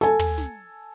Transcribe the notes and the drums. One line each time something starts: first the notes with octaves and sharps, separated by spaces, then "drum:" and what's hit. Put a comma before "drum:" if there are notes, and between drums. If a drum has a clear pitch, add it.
A4 G#5, drum: snare
drum: tom
drum: snare